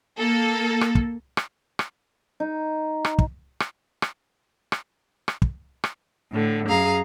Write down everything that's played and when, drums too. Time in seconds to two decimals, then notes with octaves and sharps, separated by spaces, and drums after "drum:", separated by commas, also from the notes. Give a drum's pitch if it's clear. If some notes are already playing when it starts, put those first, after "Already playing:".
0.17 A#3 A4
0.81 drum: rim click
0.95 drum: kick
1.37 drum: rim click
1.79 drum: rim click
2.40 D#4
3.05 drum: rim click
3.19 drum: kick
3.60 drum: rim click
4.02 drum: rim click
4.72 drum: rim click
5.28 drum: rim click
5.42 drum: kick
5.84 drum: rim click
6.31 A2 D3
6.67 F#2 G#4 F5 A#5